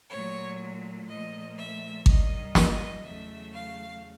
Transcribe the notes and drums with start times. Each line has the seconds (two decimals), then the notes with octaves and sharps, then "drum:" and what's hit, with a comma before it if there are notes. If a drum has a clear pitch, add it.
0.10 A#2 F#3 A3 C#5
1.08 A#2 F3 A3 D#5
1.58 E5
2.06 G2 D#3 G3 D#5, drum: kick G#1
2.55 D#5, drum: snare
3.04 E2 C#3 F#3 A3 E5
3.54 F5